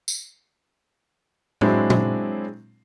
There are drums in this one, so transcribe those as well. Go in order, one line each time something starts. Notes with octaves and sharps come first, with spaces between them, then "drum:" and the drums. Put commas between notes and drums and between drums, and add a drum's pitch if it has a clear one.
drum: tambourine
F#3 G#3 C4 D4 E4, drum: tom A2
drum: tom A#2